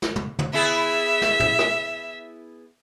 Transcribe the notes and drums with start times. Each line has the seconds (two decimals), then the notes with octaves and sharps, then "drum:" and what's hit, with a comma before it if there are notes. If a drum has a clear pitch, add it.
0.02 drum: snare
0.16 drum: tom
0.39 drum: tom
0.53 B3 E4 G#4 E5
1.22 drum: snare
1.40 drum: tom
1.59 drum: rim click